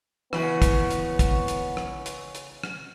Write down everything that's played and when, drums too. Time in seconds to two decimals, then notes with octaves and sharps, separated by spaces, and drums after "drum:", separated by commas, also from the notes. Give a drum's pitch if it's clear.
0.33 C#3 E3 B3 F#4, drum: rim click
0.62 drum: kick, hi-hat
0.90 drum: hi-hat
1.19 drum: kick, hi-hat
1.48 drum: hi-hat
1.77 drum: rim click
2.06 drum: hi-hat
2.35 drum: hi-hat
2.64 drum: rim click